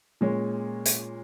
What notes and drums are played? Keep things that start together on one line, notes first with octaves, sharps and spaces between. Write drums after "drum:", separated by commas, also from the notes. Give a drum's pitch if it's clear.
A#2 G#3 C#4
drum: hi-hat